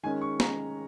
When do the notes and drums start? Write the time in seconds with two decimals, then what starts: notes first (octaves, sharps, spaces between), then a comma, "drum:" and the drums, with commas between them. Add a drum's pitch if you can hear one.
0.03 D#3 G#3 C#4 G#5
0.21 C#6
0.40 D#3 G#3 C#4 A#5, drum: snare